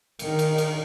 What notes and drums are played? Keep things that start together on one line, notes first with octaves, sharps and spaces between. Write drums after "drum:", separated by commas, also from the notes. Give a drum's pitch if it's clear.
D#3, drum: cymbal
drum: cymbal
drum: cymbal